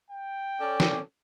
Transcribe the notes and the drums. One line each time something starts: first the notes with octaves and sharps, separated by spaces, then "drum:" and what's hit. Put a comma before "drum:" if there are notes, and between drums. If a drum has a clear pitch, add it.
G5
C#4 A4 D5
drum: snare